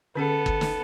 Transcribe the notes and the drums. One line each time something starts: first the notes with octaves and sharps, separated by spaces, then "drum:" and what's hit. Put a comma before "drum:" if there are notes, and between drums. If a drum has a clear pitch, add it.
D3 B3 C#4 G#4 A4
drum: kick G1
drum: snare